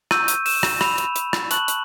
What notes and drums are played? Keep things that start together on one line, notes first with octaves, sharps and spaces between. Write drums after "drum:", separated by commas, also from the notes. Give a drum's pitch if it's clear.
C#6 E6 G6 D#7, drum: rim click
drum: hi-hat
E7, drum: open hi-hat
drum: rim click
B5 E6 G6 F7, drum: rim click
drum: hi-hat
drum: hi-hat
drum: rim click
A5 C#6 F#6 F#7, drum: hi-hat
drum: hi-hat